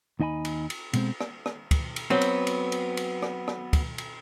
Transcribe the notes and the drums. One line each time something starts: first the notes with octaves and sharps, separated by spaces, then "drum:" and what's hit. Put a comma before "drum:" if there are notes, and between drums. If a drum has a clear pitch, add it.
D#2 D#4 D#5 G#5 B5
drum: cymbal
drum: cymbal
B2 G#3 C4, drum: cymbal
drum: rim click
drum: rim click
drum: kick, cymbal
drum: cymbal
F#3 B3 C4
drum: cymbal
drum: cymbal
drum: cymbal
drum: cymbal
drum: rim click
drum: rim click
drum: kick, cymbal
drum: cymbal